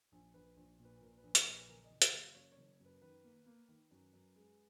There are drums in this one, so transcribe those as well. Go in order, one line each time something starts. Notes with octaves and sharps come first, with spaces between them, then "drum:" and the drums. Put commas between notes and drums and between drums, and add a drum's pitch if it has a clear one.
A#1
A#1 B4
A#1
A#2
B4
A#2 A#4
B4
A#1
C#5, drum: hi-hat
A#2
B4
F#1 A#4
D#5
F#1
F5, drum: hi-hat
F#1
F5
F#2 C#5
C#5
F#1
F#2
B4
D#3 B4
A#3
A#3
D#3
F#2
F#2
G#3